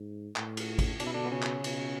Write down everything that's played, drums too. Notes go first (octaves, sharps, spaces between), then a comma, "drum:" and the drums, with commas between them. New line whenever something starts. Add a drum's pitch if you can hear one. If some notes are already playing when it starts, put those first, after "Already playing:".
Already playing: G#2
A2, drum: clap
drum: cymbal
drum: kick G#1, cymbal
B2 D4, drum: cymbal
E4
D3 D4
B3
C#3 C#4
drum: clap
B2, drum: cymbal